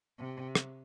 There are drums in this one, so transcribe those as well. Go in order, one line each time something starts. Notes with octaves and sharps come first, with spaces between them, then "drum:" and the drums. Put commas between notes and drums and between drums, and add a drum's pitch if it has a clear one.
C3
drum: rim click